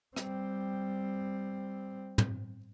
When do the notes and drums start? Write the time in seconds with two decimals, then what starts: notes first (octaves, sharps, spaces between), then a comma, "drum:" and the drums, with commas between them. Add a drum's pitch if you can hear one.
0.16 G3 C4, drum: rim click
2.18 drum: tom